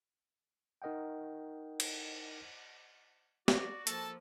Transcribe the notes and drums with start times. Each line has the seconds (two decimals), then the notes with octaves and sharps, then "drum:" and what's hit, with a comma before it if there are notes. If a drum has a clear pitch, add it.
0.82 D#4 A#4 D#5 F#5 G5
1.80 drum: cymbal
3.48 F#4 D5, drum: snare
3.87 F3 A#3 A4 A5, drum: hi-hat